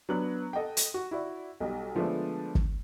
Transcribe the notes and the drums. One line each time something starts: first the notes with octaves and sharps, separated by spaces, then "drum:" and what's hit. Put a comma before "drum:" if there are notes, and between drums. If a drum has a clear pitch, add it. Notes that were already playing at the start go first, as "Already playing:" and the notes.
F#3 B3 D4 F#6
A4 D#5 F#5 G5
drum: hi-hat
F#4
E4 F#4 D5
B1 G3 D#5
D3 F3 G#3 A3 B3 D4
drum: kick